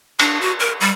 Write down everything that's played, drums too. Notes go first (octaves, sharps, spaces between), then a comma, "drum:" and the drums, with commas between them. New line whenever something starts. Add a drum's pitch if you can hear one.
D4, drum: cymbal
F#4
A#4
G3